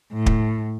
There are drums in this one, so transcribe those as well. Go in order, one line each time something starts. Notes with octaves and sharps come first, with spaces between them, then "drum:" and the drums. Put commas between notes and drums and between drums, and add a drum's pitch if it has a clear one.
A2
drum: kick